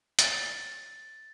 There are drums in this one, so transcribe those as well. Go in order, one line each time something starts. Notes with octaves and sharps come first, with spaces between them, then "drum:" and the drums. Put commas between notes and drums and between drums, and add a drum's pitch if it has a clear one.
A6, drum: hi-hat